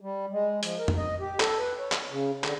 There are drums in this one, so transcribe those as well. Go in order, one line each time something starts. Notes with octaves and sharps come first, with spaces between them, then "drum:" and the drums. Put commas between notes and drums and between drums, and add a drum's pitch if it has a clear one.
G3
G#3
F3, drum: hi-hat
A#4
drum: tom F2
D#5
G4
A4, drum: clap
B4
C#5
drum: clap
C#3
D3, drum: clap